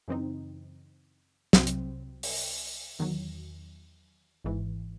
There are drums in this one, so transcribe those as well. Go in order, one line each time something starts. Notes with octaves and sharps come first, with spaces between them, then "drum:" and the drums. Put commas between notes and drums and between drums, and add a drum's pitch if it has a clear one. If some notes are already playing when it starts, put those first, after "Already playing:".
F#2 C#3 E3 C4 D#4
C2 C3 F#3 C4, drum: snare
drum: hi-hat
drum: open hi-hat
E2 D#3 F#3
G#1 G#2 E3